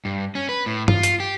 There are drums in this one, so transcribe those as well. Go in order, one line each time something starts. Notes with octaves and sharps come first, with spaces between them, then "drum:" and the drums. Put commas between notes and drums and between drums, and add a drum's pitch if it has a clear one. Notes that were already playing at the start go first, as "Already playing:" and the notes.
G2
C#4
B4
A2
F4, drum: tom G2
drum: hi-hat
G4